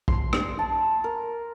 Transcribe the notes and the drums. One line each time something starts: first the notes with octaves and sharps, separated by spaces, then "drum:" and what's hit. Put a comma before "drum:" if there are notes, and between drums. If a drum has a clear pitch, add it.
C6, drum: kick
drum: rim click
A5
A#4